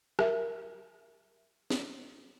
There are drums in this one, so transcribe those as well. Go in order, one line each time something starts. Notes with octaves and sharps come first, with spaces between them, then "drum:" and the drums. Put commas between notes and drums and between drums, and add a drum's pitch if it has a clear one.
A#4 E5, drum: rim click
drum: snare